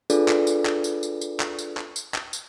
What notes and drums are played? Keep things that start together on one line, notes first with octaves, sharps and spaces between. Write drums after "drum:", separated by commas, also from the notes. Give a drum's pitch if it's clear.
D4 F4 G#4 A4 B4 D5, drum: tambourine
drum: clap
drum: tambourine
drum: clap
drum: tambourine
drum: tambourine
drum: tambourine
drum: clap
drum: tambourine
drum: clap
drum: tambourine
drum: clap
drum: tambourine